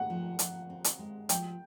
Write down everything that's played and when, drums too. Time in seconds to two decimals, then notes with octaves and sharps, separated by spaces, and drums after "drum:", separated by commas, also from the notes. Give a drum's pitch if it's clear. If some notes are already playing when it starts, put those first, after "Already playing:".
Already playing: G#3 F#5
0.10 F3
0.39 F3, drum: hi-hat
0.70 C4
0.84 drum: hi-hat
0.99 G#3
1.29 F3 G5, drum: hi-hat